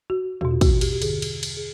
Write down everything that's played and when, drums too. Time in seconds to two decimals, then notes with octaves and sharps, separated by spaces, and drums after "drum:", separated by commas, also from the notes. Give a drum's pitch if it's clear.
0.10 F#4
0.41 E2 B2 F#4, drum: tom
0.51 F4
0.61 F#4, drum: kick, cymbal
0.81 G4, drum: cymbal
0.93 G4
1.02 G2 D3 G#4, drum: cymbal
1.22 drum: cymbal
1.43 drum: cymbal
1.57 G#4